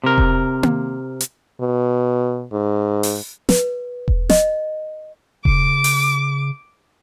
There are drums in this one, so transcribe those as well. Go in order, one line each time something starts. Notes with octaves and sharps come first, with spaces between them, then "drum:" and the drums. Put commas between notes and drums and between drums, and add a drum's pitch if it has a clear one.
C3 A#4
drum: kick E1
drum: tom A#3
drum: hi-hat
B2
G#2
drum: open hi-hat
B4, drum: snare
drum: kick E1
D#5, drum: snare
C#3 D6, drum: kick E1
drum: open hi-hat